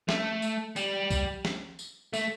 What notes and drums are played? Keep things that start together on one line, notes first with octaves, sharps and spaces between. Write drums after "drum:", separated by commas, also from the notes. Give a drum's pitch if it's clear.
A3, drum: snare
drum: tambourine
G3, drum: tambourine
drum: kick, tambourine
drum: snare
drum: tambourine
A3, drum: tambourine